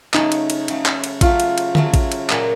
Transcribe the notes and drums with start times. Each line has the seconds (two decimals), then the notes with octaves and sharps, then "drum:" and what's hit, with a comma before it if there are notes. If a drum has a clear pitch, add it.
0.14 C#3 F#3 A3 D#4, drum: clap
0.32 drum: cymbal
0.50 drum: cymbal
0.68 C#3 F#3 A3, drum: cymbal
0.86 drum: clap
1.04 drum: cymbal
1.21 C#3 F#3 A3 F4, drum: kick A1, cymbal
1.40 drum: cymbal
1.58 drum: cymbal
1.75 C#3 F#3 A3, drum: tom D3
1.94 drum: kick A1, cymbal
2.12 drum: cymbal
2.30 A#2 F#3 A#3, drum: clap